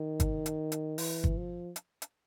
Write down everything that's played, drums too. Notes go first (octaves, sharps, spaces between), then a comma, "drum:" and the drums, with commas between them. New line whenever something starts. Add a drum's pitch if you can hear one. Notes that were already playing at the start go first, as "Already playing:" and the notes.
Already playing: D#3
drum: kick, hi-hat
drum: hi-hat
drum: hi-hat
E3, drum: open hi-hat
drum: kick
F3
drum: hi-hat
drum: hi-hat